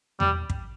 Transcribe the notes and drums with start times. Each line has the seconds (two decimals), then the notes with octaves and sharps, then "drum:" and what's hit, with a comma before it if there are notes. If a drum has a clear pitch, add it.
0.20 G3, drum: tom E2
0.50 drum: kick